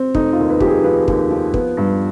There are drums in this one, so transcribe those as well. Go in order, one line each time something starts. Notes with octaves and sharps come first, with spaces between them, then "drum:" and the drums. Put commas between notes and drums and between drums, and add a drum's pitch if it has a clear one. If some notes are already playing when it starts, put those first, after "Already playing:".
Already playing: C4
F1 D#4, drum: kick
F4
D#2
B4
F3 G4, drum: kick
G#4
F3 B4
D#2, drum: kick
F3
B3, drum: kick
G2